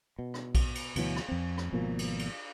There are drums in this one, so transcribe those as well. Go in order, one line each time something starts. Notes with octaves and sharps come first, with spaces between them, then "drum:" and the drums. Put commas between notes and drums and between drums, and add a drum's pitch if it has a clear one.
B2
drum: rim click
drum: kick A#1, cymbal
drum: cymbal
D2 B2 E3 F#3, drum: cymbal
drum: rim click
F2 C4
drum: rim click
G#1 B2 F3 A#3
drum: cymbal
drum: cymbal